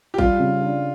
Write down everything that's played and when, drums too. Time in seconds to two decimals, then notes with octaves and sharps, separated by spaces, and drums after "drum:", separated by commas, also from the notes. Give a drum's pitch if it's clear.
0.14 G4
0.18 G3 F4, drum: kick A1
0.40 C#3
0.62 D4